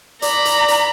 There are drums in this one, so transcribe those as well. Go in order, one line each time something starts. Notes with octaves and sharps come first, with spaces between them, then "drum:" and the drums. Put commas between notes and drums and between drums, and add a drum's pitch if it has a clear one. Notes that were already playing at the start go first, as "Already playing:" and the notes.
D5 A#5 B5, drum: hi-hat
drum: hi-hat
drum: hi-hat